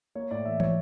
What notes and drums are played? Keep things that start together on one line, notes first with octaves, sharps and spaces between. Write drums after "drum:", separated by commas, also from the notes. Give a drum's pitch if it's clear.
A#3 C#5
A2 D5
E3 E5
A2 C#5, drum: tom